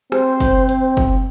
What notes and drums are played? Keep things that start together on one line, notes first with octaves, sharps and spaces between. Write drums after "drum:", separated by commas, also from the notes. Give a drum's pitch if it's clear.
C4 C5, drum: rim click
drum: kick F#1, open hi-hat
drum: hi-hat
drum: kick F#1, hi-hat